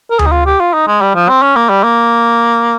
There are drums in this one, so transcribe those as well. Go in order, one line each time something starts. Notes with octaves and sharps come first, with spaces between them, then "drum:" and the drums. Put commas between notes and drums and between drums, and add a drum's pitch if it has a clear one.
A#4
G#4, drum: tom D2
D#4
F4
G4
F4
D#4
G#3
G3
F3
C4
C#4
A#3
G3
A#3